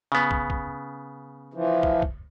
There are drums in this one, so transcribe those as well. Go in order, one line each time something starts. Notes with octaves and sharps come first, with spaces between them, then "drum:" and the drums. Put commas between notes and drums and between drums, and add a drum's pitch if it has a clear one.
C#3 B3
drum: kick
drum: kick
E3 F3
drum: kick
drum: kick